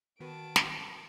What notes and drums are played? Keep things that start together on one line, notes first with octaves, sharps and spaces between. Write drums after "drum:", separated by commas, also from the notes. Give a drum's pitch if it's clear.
D#3 B3 F#4 B4 A5 D7
drum: snare